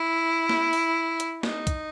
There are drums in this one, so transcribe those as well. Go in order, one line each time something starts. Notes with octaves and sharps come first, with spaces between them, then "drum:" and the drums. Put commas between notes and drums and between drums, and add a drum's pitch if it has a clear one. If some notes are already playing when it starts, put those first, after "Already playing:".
Already playing: E4
drum: snare
drum: open hi-hat
drum: hi-hat
D#4, drum: snare
drum: kick B1, hi-hat